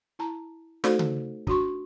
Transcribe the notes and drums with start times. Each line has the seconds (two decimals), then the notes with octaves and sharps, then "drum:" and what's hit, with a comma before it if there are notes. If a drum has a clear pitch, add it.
0.19 E4 A5 A#5
0.84 A3 D#4 F#4 A4 C5 D5, drum: snare
0.99 drum: tom C#3
1.47 D4 F#4 C6 C#6, drum: kick